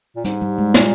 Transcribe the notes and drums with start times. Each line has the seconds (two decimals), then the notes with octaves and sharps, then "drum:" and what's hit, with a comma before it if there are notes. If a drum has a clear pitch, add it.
0.16 A#2
0.25 G#2 G3, drum: hi-hat
0.42 G3
0.58 G#3
0.74 A#2 G3, drum: snare